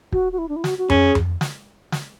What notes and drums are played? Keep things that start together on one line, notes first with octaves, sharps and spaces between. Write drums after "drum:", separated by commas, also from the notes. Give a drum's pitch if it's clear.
F#4, drum: kick
F#4
E4
D4
E4
F#4, drum: snare
F#4
C#4 G#4, drum: tom F2
drum: tom F2
drum: snare
drum: snare